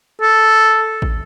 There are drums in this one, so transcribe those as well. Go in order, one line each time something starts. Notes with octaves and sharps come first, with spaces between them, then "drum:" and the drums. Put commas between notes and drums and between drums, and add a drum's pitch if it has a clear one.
A4
drum: kick